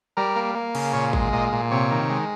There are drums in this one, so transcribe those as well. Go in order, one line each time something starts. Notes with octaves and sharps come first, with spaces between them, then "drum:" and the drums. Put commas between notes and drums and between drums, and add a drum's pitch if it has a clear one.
G3 A#4
A#3
A#3
C#3, drum: cymbal
A#2 C#5
G#3, drum: kick G#1
A#2 D#5
A#2
C3 C#5
D#3
G#3